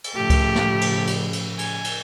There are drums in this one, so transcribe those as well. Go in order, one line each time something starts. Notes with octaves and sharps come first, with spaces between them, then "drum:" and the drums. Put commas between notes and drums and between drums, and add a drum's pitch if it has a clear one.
drum: cymbal
A2 C#3 F3 A3 G4
drum: kick C#2, cymbal
drum: snare
drum: cymbal
drum: cymbal
drum: cymbal
G#5, drum: cymbal
drum: cymbal